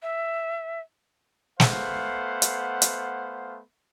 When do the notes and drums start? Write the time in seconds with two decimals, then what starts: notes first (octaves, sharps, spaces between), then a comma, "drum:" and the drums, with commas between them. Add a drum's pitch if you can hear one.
0.02 E5
1.60 A3 B3 C5 F5 F#5, drum: snare
2.42 drum: hi-hat
2.82 drum: hi-hat